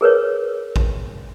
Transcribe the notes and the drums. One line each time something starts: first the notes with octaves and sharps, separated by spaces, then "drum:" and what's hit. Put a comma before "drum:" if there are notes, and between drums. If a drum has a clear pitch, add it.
G#4 A#4 B4 C#5
drum: kick A1